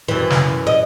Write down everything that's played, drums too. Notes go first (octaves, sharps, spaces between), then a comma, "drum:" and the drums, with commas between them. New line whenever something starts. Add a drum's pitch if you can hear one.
F#2 E3
drum: snare
D#5